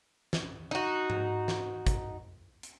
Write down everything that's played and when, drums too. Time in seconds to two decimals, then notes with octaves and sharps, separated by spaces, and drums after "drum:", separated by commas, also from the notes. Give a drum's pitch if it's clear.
0.33 drum: snare
0.71 D#4 F#4
1.10 drum: tom G#2
1.48 drum: snare
1.87 drum: kick, hi-hat
2.63 drum: hi-hat